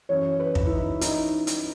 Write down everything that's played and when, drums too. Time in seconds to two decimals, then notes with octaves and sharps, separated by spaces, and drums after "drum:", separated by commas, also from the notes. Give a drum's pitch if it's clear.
0.09 F#2 E3 C#5
0.40 B4
0.55 drum: kick
0.66 E4
0.70 D#4
1.01 D#4, drum: hi-hat
1.47 drum: hi-hat